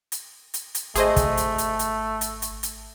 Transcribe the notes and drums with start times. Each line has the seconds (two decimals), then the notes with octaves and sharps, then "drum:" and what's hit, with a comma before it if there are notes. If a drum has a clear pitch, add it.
0.12 drum: hi-hat
0.54 drum: hi-hat
0.75 drum: hi-hat
0.95 G#1 A3 G#4 C5 D#5, drum: hi-hat
1.16 drum: kick, hi-hat
1.37 drum: hi-hat
1.58 drum: hi-hat
1.79 drum: hi-hat
2.21 drum: hi-hat
2.42 drum: hi-hat
2.63 drum: hi-hat